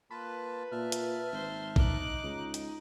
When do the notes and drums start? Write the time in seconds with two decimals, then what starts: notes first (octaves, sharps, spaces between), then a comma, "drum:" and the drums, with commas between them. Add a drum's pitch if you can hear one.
0.11 A#3 F4 B4 A5
0.72 A#2 E5 A5 F6
0.92 drum: hi-hat
1.32 G#1 C5
1.76 D#4 D6 F#6, drum: kick
2.23 C#2
2.54 drum: hi-hat